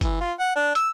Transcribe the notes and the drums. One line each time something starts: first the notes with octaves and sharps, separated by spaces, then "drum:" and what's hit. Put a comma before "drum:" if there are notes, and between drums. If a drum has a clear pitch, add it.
E3, drum: kick, hi-hat
F4
F#5
D4
E6, drum: hi-hat